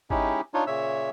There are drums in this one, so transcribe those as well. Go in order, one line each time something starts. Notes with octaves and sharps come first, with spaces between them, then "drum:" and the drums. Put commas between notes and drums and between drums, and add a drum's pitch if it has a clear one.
G#3 C#4 D#4 E4 G4, drum: kick
D4 D#4 F4 C#5
A#2 C#3 C#5 E5 E6